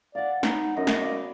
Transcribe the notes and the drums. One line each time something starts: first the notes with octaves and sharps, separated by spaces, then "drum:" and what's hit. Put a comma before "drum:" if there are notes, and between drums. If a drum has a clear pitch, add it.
D5 F5 F#5
B3 D#4, drum: snare
F#2 D#5
drum: snare
D5 F5